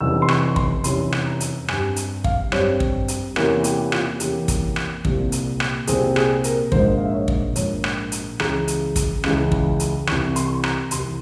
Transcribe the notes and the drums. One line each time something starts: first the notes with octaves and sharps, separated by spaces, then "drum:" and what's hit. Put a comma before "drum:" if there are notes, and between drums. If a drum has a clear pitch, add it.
F1 E2 E3 G3 C#4 E6
C6
C#6, drum: rim click
C6, drum: kick
F1 E2 E3 G3 C#4 C6, drum: hi-hat
drum: rim click
A#5
drum: hi-hat
G2 G3 C4 G#5, drum: rim click
drum: hi-hat
F5, drum: kick
G2 G3 C4 C#5, drum: rim click
drum: kick
drum: hi-hat
E2 C3 E3 A#3 C#4 A#4, drum: rim click
G4, drum: hi-hat
F4, drum: rim click
E2 C3 E3 A#3 C#4 G4, drum: hi-hat
drum: kick, hi-hat
drum: rim click
C2 A#2 G3 C4, drum: kick
drum: hi-hat
drum: rim click
C2 A#2 G3 C4 G#4, drum: hi-hat
G#4, drum: rim click
A#4, drum: hi-hat
A#1 G#2 F3 A#3 C5, drum: kick
F5
E5
C#5
drum: kick
A#1 G#2 F3 A#3 C#5, drum: hi-hat
drum: rim click
drum: hi-hat
C#2 C#3 E3 A#5, drum: rim click
drum: hi-hat
drum: kick, hi-hat
C#2 C#3 E3, drum: rim click
drum: kick
drum: hi-hat
C2 C3 E3 C#6, drum: rim click
C6, drum: hi-hat
C#6
C6
A#5, drum: rim click
C2 C3 E3 C6, drum: hi-hat